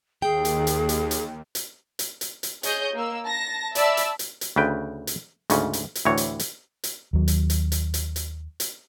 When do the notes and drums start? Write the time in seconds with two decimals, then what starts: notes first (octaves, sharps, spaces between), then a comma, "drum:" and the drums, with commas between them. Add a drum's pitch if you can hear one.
0.22 D#2 G#4 G5
0.45 drum: hi-hat
0.67 drum: hi-hat
0.89 drum: hi-hat
1.11 drum: hi-hat
1.55 drum: hi-hat
1.99 drum: hi-hat
2.21 drum: hi-hat
2.43 drum: hi-hat
2.63 G#4 C#5 D#5 G6, drum: hi-hat
2.94 A#3 E6
3.25 A5 A#6
3.75 D5 E5 A5 B5 E6, drum: hi-hat
3.97 drum: hi-hat
4.19 drum: hi-hat
4.41 drum: hi-hat
4.56 D2 C#3 B4 G5
5.07 drum: hi-hat
5.50 D2 G#2 C#3 C#4, drum: hi-hat
5.73 drum: hi-hat
5.95 drum: hi-hat
6.05 D2 A2 E3 C#5
6.17 drum: hi-hat
6.39 drum: hi-hat
6.84 drum: hi-hat
7.13 D#2 F#3
7.28 drum: hi-hat
7.50 drum: hi-hat
7.72 drum: hi-hat
7.94 drum: hi-hat
8.16 drum: hi-hat
8.60 drum: hi-hat